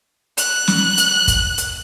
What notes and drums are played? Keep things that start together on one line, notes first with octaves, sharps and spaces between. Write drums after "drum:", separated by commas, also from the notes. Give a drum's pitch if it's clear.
F#6, drum: hi-hat
drum: snare
drum: hi-hat
drum: kick, hi-hat
drum: hi-hat